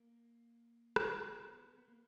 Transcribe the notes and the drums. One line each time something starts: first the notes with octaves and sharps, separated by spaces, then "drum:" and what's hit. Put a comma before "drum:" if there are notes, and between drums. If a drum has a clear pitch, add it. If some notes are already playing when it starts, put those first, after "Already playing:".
Already playing: A#3
G3, drum: rim click
G#3
A#3
B3
B3
A#3